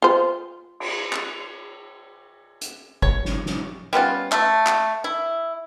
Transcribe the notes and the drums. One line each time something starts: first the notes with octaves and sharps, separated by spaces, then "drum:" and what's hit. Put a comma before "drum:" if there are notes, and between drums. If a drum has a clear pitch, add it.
F4 C5
drum: cymbal
drum: clap
drum: hi-hat
C#5, drum: kick G1
drum: snare
drum: snare
G3 B3 C#4 F4
A3, drum: clap
drum: clap
E4